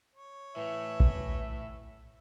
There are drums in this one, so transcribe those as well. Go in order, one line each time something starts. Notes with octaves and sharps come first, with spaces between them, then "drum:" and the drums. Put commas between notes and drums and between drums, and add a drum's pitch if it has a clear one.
C#5
A2 E3 E5
drum: kick A#1